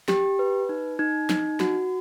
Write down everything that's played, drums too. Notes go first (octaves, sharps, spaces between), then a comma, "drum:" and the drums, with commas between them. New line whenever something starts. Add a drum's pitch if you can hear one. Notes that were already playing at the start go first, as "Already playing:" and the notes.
G4, drum: snare
B4
D#4
D#4
D#4, drum: snare
F#4, drum: snare